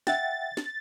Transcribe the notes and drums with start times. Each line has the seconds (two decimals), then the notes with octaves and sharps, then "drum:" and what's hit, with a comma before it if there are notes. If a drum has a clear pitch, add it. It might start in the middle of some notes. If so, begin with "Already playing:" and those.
0.07 E5 F#5 G5 A6, drum: snare
0.57 drum: snare